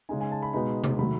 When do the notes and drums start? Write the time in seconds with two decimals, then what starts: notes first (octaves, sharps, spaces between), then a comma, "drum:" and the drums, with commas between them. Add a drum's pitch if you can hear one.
0.09 C#3 G#3 D#4 G#5
0.20 G#5
0.32 A5
0.43 B5
0.53 B2 G#3 B3 D#4 B5
0.84 drum: tom C3
0.99 D#3 F#3 A3 B5